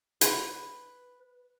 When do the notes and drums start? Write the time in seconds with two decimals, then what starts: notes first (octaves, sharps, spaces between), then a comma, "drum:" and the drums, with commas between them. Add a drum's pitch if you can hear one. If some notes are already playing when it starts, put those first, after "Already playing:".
0.21 B4, drum: hi-hat